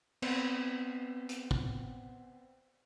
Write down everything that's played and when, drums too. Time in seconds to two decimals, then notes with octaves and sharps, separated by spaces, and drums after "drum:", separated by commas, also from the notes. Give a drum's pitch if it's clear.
0.22 B3 C4, drum: cymbal
1.29 drum: hi-hat
1.51 drum: kick